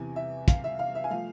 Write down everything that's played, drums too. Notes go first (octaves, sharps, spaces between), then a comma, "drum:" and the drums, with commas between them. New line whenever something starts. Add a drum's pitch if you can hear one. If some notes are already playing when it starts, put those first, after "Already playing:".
Already playing: E2 C3 E3 G#5
E5
F5, drum: kick, hi-hat
E5
F5
E5
G#5
F3 A3 F5